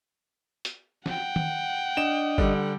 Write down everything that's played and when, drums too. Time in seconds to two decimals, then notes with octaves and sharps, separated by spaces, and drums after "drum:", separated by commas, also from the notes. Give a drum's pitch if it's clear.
0.65 drum: hi-hat
1.06 F#5 G5, drum: snare
1.36 drum: tom D#3
1.97 D4 D#5 E7
2.38 D3 G3, drum: kick G1